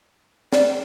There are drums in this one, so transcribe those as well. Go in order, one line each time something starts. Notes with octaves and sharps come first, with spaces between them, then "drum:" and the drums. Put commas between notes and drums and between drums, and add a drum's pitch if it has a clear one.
D5, drum: snare